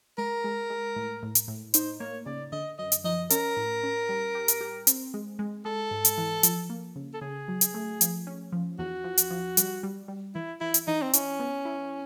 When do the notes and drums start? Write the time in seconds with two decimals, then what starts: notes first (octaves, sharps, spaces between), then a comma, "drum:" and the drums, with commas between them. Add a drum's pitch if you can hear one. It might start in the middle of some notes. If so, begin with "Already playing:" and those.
0.18 G#3 A#4
0.44 G#3
0.70 G#3
0.96 A2
1.23 A2
1.35 drum: hi-hat
1.48 A2
1.74 D#4 C5, drum: hi-hat
2.00 A#3 C#5
2.26 C#3 D5
2.52 D3 D#5
2.78 F#2 D#5
2.92 drum: hi-hat
3.04 F3 D#5
3.30 C#4 A#4, drum: hi-hat
3.57 A2
3.84 C#4
4.09 G3
4.35 G4
4.48 drum: hi-hat
4.61 G4
4.87 C4, drum: hi-hat
5.14 G#3
5.39 G#3
5.65 G#3 A4
5.91 G#2
6.05 drum: hi-hat
6.18 E3
6.43 F3, drum: hi-hat
6.70 A#3
6.96 C#3
7.14 A4
7.21 C#3 G#4
7.48 F#3
7.61 drum: hi-hat
7.74 A3
8.01 F3, drum: hi-hat
8.27 C#4
8.52 F3
8.79 E2 F#4
9.04 F3
9.18 drum: hi-hat
9.31 F3
9.57 G3, drum: hi-hat
9.83 G3
10.08 G3
10.35 E3 E4
10.60 E3 E4
10.74 drum: hi-hat
10.87 E3 D#4
11.02 C4
11.13 C#4 E4, drum: hi-hat
11.40 B3
11.65 E4